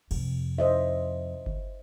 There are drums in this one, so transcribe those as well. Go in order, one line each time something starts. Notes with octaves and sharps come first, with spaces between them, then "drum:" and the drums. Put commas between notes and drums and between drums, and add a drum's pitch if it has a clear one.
F2 C3, drum: cymbal
C5 D#5 E5
drum: kick G1